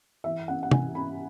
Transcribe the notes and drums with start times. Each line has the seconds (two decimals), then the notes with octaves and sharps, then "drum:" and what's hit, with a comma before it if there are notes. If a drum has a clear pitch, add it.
0.24 E3 E5
0.48 C#4 F#5
0.63 F#5
0.71 E3 G#5, drum: tom
0.95 C#4 B5